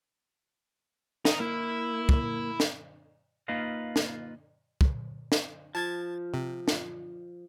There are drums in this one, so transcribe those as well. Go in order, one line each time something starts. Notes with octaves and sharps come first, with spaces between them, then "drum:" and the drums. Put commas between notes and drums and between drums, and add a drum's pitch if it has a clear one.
A#4 D#5, drum: snare
A#3 E4
drum: kick
drum: snare
A#3 D#4 F4 B4 D#5 F5
drum: snare
drum: kick
drum: snare
F3 A5 G#6 A6
C3
drum: snare